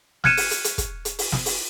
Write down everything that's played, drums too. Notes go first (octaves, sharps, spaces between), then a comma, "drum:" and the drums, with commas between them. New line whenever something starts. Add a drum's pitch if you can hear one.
F6 F#6 G#6 C#7 D#7 E7, drum: snare
drum: open hi-hat
drum: hi-hat
drum: hi-hat
drum: kick, hi-hat
drum: hi-hat
drum: open hi-hat
drum: snare
drum: open hi-hat